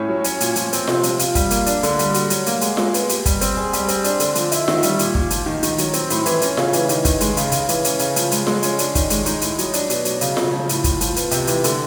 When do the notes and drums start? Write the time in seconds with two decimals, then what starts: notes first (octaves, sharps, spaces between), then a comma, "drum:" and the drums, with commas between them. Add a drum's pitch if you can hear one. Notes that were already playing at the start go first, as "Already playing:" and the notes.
Already playing: A2 C#4
0.09 F#3
0.24 C#4, drum: hi-hat
0.40 A#2, drum: hi-hat
0.56 F3, drum: hi-hat
0.73 C4, drum: hi-hat
0.87 C3, drum: snare F4
1.03 F3, drum: hi-hat
1.19 F4, drum: hi-hat
1.35 G3, drum: kick, hi-hat
1.51 A#3, drum: hi-hat
1.66 D4, drum: hi-hat
1.83 D3, drum: hi-hat
1.99 G3, drum: hi-hat
2.14 F#4, drum: hi-hat
2.30 F#3, drum: hi-hat
2.46 A#3, drum: hi-hat
2.61 G#3, drum: hi-hat
2.77 G#3, drum: snare F4
2.94 B3, drum: hi-hat
3.09 G4, drum: hi-hat
3.26 G3, drum: kick, hi-hat
3.41 C4, drum: hi-hat
3.57 G#4
3.73 G3, drum: hi-hat
3.88 C4, drum: hi-hat
4.04 D4, drum: hi-hat
4.20 D3, drum: hi-hat
4.35 F3, drum: hi-hat
4.52 E4, drum: hi-hat
4.68 D#3, drum: snare F4
4.83 G3, drum: hi-hat
4.99 A#2, drum: hi-hat
5.15 A#2, drum: kick
5.30 F3, drum: hi-hat
5.46 D#3
5.63 D#3, drum: hi-hat
5.78 F#3, drum: hi-hat
5.93 C4, drum: hi-hat
6.10 A2, drum: hi-hat
6.26 E3, drum: hi-hat
6.41 C#4, drum: hi-hat
6.57 C#3, drum: snare F4
6.73 E3, drum: hi-hat
6.89 D#3, drum: hi-hat
7.05 D#3, drum: kick, hi-hat
7.21 G#3, drum: hi-hat
7.37 C#3, drum: hi-hat
7.52 C#3, drum: hi-hat
7.69 E3, drum: hi-hat
7.84 C#4, drum: hi-hat
7.99 C#3, drum: hi-hat
8.16 F3, drum: hi-hat
8.31 G#3, drum: hi-hat
8.47 G#3, drum: snare F4
8.63 C#4, drum: hi-hat
8.79 D4, drum: hi-hat
8.95 D#3, drum: kick, hi-hat
9.10 G#3, drum: hi-hat
9.26 D#4, drum: hi-hat
9.41 A2, drum: hi-hat
9.58 F#3, drum: hi-hat
9.73 D4, drum: hi-hat
9.90 B2, drum: hi-hat
10.05 F#3, drum: hi-hat
10.21 C#3, drum: hi-hat
10.37 C#3, drum: snare F4
10.53 F3
10.69 A2, drum: hi-hat
10.84 A2, drum: kick, hi-hat
11.01 F3, drum: hi-hat
11.16 B3, drum: hi-hat
11.31 C3, drum: hi-hat
11.47 E3, drum: hi-hat
11.64 D3, drum: hi-hat